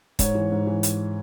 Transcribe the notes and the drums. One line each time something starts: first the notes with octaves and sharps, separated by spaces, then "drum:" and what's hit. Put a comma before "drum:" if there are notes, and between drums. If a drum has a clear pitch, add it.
G#2 C#5, drum: kick, hi-hat
E3
G#2
E3
drum: hi-hat